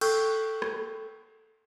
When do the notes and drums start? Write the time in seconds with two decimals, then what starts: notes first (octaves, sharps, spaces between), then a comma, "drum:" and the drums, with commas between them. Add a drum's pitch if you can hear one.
0.01 A4 G5 C#6 E6 F#6 G6, drum: cymbal
0.62 drum: rim click